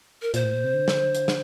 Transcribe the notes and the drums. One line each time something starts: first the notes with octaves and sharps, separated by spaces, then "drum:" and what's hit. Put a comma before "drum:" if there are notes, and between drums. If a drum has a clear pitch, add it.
A#4
A#2 C5, drum: hi-hat
A2
A#2
C3
D3
drum: snare
drum: hi-hat
drum: snare